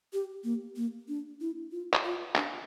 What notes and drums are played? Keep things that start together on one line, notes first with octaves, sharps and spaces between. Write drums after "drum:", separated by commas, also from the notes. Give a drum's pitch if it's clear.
G4
A#3
A#3
D4
E4
F4
drum: clap
F4
D4, drum: clap